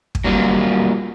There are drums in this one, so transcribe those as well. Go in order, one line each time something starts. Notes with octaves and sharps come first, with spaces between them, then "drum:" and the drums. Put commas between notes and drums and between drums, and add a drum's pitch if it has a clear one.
drum: kick
F#3 G3 A#3 F4